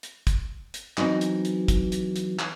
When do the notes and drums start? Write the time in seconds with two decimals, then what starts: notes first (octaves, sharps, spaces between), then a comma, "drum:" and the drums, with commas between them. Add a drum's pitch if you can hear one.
0.03 drum: hi-hat
0.27 drum: kick, hi-hat
0.74 drum: hi-hat
0.98 E3 F#3 C4 D#4, drum: clap
1.21 drum: hi-hat
1.45 drum: hi-hat
1.68 drum: kick, hi-hat
1.92 drum: hi-hat
2.16 drum: hi-hat
2.39 drum: clap